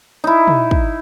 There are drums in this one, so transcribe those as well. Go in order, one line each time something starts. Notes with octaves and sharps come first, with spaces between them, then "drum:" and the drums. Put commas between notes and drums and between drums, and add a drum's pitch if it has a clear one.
D#4 E4
drum: tom
drum: kick